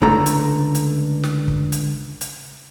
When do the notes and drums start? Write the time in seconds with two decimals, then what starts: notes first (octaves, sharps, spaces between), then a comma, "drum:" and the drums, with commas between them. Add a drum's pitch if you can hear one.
0.02 C#2 D3 A3 A4 A#5, drum: kick
0.26 drum: hi-hat
0.75 drum: hi-hat
1.23 drum: snare
1.48 drum: kick
1.72 drum: hi-hat
2.21 drum: hi-hat